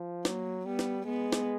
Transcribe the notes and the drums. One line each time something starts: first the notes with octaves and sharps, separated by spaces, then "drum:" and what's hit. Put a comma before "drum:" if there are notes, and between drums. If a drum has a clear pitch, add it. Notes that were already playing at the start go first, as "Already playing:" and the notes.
Already playing: F3
F#3 A#3, drum: snare
G3 B3
drum: snare
G#3 B3
drum: snare